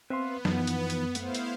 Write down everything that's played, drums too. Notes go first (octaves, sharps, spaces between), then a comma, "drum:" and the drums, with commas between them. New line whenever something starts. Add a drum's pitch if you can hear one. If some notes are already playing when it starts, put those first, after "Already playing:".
B3 C4 B4 E5 F5 C6
F#2 E3 F3 D#4, drum: snare
drum: hi-hat
drum: hi-hat
A3 B3 E4 C5 F5, drum: hi-hat
drum: hi-hat